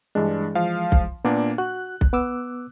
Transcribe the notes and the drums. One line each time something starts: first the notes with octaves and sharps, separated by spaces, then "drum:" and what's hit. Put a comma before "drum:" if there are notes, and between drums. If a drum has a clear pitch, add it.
G2 E3 G#3 D4
F3 F5
drum: kick B1
A#2 A#3 B3 D4
F#4 F#6
drum: kick B1
B3 D6 E6